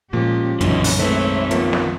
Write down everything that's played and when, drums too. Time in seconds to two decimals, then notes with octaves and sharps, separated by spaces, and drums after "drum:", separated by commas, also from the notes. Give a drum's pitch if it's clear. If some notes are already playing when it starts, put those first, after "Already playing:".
0.13 A#2 F3 G#3 C#4 G4
0.61 B1 F#2 A#2 D3 E3 C#4 D#4, drum: hi-hat
0.84 drum: open hi-hat
0.99 D#3 G#3 A3 C4 B4 C#5 E5
1.51 F3 A#3 B3, drum: hi-hat
1.73 drum: snare